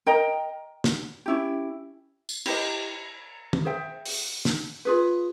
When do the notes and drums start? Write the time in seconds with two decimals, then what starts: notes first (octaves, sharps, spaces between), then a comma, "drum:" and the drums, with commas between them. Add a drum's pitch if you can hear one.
0.06 A#4 D#5 G5 A#5
0.84 drum: snare
1.26 C#4 E4 G4
2.29 drum: tambourine
2.46 E4 G4 C5 D#5, drum: cymbal
3.53 drum: tom
3.65 G#4 C5 E5 G5
4.06 drum: open hi-hat
4.45 drum: snare
4.85 F4 G#4 B4